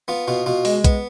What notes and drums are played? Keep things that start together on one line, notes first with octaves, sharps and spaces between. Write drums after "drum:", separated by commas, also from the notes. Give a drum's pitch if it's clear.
B3 F4
B2 F4
B2 F4
G#3, drum: open hi-hat
B3, drum: kick, hi-hat